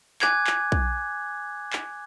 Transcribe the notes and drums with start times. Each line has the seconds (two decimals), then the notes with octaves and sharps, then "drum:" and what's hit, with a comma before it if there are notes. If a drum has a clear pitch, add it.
0.22 G#5 D6 F#6 G#6, drum: clap
0.47 drum: clap
0.72 drum: kick
1.73 drum: clap